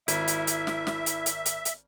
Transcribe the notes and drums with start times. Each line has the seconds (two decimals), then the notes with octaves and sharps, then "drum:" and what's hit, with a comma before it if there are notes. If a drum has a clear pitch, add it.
0.08 G#1 E4 E5, drum: hi-hat
0.28 drum: hi-hat
0.47 drum: hi-hat
0.67 drum: snare
0.87 drum: snare
1.06 drum: hi-hat
1.26 drum: hi-hat
1.46 drum: hi-hat
1.65 drum: hi-hat